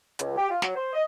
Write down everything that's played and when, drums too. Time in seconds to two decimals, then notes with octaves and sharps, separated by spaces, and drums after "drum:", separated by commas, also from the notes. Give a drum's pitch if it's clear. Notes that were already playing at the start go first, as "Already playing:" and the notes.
0.19 C#2, drum: hi-hat
0.36 G4
0.50 F4
0.62 F#3, drum: snare
0.75 C5
0.93 D#5